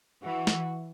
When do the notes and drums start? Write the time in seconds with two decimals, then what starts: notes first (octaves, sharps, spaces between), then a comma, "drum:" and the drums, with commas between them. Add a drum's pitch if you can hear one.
0.24 E3 F#4
0.47 drum: snare